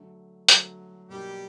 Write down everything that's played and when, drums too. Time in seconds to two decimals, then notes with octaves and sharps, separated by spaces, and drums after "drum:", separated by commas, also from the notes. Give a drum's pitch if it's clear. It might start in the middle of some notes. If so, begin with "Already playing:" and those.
Already playing: D3 F#3 A3
0.49 D3 F#3 A3, drum: hi-hat
1.09 B2 F#3 G3 A#3 D4 G4